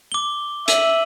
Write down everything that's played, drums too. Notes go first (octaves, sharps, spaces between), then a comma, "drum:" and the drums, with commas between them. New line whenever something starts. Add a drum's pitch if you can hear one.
D6 G7
E5 D#7 F#7, drum: hi-hat